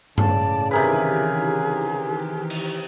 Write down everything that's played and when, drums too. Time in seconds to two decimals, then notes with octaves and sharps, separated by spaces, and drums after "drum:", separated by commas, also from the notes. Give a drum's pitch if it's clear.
0.18 A2 C#3 D5 A5, drum: tom G2
0.71 C3 D#3 E3 G4 G#4 A#4 B4
2.50 drum: cymbal